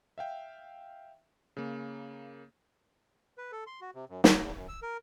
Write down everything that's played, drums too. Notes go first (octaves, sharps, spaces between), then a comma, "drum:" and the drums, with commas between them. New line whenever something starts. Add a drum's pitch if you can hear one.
E5 F5 G5
C#3 A#3
B4
A4
C6
F#4
C3
F#2
F#3, drum: snare
E2
F#2
E6
A#4